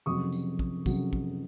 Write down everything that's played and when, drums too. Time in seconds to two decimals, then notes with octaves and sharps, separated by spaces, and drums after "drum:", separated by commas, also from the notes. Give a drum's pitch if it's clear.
0.06 F1 F2 C#3 F#3 C#6 D#6
0.33 drum: tambourine
0.59 drum: kick
0.86 F1 F2 C#3 F#3, drum: kick, tambourine
1.13 drum: kick